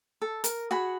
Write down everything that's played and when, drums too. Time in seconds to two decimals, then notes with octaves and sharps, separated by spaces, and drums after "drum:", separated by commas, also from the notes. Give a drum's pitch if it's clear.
0.22 A4
0.44 A#4, drum: hi-hat
0.71 F#4 G#4 F#5 B5